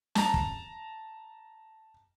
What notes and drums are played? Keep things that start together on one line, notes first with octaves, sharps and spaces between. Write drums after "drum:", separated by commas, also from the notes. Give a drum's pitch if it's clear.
A5 A#5, drum: snare
drum: kick